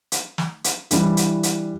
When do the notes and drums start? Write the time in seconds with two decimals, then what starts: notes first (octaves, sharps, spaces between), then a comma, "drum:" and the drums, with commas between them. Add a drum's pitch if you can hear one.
0.12 drum: hi-hat
0.38 drum: snare
0.64 drum: hi-hat
0.91 E3 G3 D4 E4, drum: hi-hat
1.17 drum: hi-hat
1.43 drum: hi-hat